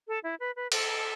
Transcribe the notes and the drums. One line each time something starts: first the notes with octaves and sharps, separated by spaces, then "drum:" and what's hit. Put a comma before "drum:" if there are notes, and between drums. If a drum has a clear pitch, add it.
A4
E4
B4
B4
A4, drum: cymbal